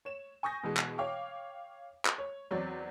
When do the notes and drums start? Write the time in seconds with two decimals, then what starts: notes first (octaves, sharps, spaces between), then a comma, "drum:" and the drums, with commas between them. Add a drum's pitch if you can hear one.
0.05 C#5 E7
0.43 G#5 C#6 D#6 G6 A#6
0.63 B2 E3 G#3
0.77 drum: clap
0.98 C#5 F5 G5 D6
2.05 drum: clap
2.18 C#5
2.51 E2 F#3 C4 C#5 D5